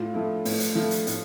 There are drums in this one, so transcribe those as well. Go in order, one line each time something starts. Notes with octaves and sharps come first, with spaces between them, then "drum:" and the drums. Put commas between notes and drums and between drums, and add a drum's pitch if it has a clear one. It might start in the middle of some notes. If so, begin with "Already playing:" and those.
Already playing: A2 F4
F3 A3 E4
A2, drum: open hi-hat
drum: hi-hat
F3 A3 E4, drum: snare
drum: hi-hat
A2, drum: hi-hat